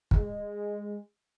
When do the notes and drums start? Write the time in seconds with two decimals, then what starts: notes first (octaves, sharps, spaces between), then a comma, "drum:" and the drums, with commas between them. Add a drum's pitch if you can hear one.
0.11 G#3, drum: kick